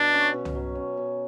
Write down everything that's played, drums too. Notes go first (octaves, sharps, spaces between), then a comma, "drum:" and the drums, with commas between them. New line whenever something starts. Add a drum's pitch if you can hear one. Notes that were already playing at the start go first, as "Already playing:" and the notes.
Already playing: B2 D4
C#4
B2
drum: tom C2
F#3
C#4
B2